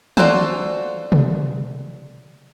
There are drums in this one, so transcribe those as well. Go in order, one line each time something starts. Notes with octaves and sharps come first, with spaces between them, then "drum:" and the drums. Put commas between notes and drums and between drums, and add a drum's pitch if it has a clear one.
D4 F4 F#4 A4 C5, drum: tom
drum: tom